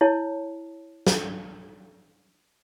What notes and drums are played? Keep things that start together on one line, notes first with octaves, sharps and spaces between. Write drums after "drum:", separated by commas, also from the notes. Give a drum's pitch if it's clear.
E4 C#5 A5
drum: snare